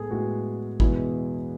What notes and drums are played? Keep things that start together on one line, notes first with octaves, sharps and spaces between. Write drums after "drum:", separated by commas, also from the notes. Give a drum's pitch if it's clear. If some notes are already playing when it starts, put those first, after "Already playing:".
Already playing: A2 G#3 B3 G#4 A4
A2 G#3 B3 F#4
E2 B2 G#3 B3 E4, drum: kick